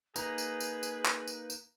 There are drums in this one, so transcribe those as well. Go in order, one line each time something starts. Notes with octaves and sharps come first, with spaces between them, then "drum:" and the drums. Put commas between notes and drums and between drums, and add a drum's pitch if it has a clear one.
A#3 D#4 G#4 B4 A#5, drum: tambourine
drum: tambourine
drum: tambourine
drum: tambourine
drum: clap
drum: tambourine
drum: tambourine